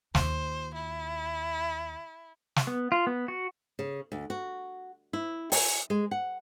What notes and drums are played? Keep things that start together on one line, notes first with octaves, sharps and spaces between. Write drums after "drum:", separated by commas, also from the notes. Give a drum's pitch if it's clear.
D#2 F4 C5, drum: snare
E4
drum: snare
B3
F4
B3
F#4
C#3
D2
F#4
E4
G#5, drum: open hi-hat
G#3
F#5